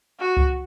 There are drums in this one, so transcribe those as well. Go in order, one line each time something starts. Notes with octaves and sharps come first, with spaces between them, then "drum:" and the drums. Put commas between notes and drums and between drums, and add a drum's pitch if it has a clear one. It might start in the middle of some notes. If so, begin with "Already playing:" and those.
F#4
drum: kick C#2